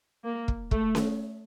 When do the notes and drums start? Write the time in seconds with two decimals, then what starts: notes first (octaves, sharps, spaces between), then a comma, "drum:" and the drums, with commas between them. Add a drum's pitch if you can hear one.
0.25 A#3
0.48 drum: kick
0.71 A3, drum: kick
0.95 drum: snare C#4